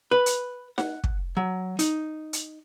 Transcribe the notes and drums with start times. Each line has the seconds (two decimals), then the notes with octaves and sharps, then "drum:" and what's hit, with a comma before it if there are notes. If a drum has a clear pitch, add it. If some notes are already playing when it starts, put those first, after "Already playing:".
0.11 B4
0.26 drum: hi-hat
0.78 F#5, drum: snare D#4
1.04 drum: kick
1.37 F#3
1.79 D#4, drum: hi-hat
2.33 drum: hi-hat